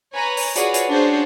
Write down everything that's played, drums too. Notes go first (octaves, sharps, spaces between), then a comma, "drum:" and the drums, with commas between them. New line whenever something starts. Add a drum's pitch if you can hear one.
B4 C#5 G#5 A#5
drum: open hi-hat
F4 F#4 G#4 B4 C#5 D5, drum: hi-hat
drum: hi-hat
C#4 D4 F4 F#4 G#4 C5